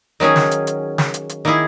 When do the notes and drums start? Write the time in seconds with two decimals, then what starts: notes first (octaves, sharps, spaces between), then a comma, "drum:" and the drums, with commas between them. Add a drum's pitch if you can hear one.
0.20 D#3 F#3 C#4 G#4
0.36 drum: snare
0.51 drum: hi-hat
0.67 drum: hi-hat
0.98 drum: snare
1.14 drum: hi-hat
1.29 drum: hi-hat
1.45 D#3 A#3 E4 G#4